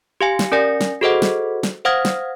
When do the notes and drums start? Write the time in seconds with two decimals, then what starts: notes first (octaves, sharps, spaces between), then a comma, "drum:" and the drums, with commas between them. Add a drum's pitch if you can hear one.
0.21 G4 F5 G#5
0.39 drum: snare
0.52 C#4 A#4 D5 G#5 A#6
0.81 drum: snare
1.01 F#4 G#4 A4 C5 D#5 F#5
1.22 drum: snare
1.63 drum: snare
1.85 C5 F5 F#5 D#6 F6 G#6
2.05 drum: snare